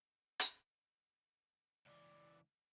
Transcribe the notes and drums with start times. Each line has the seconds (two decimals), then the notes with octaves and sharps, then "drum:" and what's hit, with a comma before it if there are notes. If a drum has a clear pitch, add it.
0.40 drum: hi-hat
1.86 C#2 E3 D5